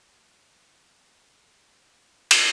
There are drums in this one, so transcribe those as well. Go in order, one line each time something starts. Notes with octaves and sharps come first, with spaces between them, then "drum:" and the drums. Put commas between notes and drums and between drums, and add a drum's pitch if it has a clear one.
C#2 G#2 C#3 C5
B2 G#4 A4
drum: cymbal